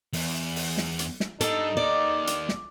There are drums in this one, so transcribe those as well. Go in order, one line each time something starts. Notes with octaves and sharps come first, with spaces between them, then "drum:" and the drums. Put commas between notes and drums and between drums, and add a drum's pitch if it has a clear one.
E2, drum: open hi-hat
drum: open hi-hat
drum: snare
drum: hi-hat
drum: snare
G3 D4 D#4 A4, drum: hi-hat
D#2 D#3 D5
drum: hi-hat
drum: snare